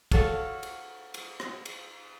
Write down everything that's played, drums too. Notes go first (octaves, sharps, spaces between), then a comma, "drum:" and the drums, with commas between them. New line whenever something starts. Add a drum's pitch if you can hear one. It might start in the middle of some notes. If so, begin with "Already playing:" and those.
F#4 A4 C#5 F5, drum: kick, cymbal
drum: cymbal
drum: cymbal
drum: rim click
drum: cymbal